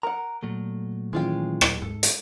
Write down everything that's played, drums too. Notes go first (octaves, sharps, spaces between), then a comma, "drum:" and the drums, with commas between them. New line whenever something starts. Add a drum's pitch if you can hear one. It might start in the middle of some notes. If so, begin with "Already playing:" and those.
A#4 F#5 A#5
A#2 F#3 A3
D#3 E3 G#3 C#4 F4 G5
drum: rim click
G#2 A4
drum: hi-hat